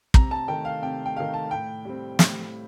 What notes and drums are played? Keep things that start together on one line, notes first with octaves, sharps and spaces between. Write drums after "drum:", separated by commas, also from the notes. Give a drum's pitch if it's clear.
C3 A#5, drum: kick
A5
D#3 A3 G5
F5
C3 G5
G5
D#3 A3 F5
A5
A2 G5
G3 C4
A2, drum: snare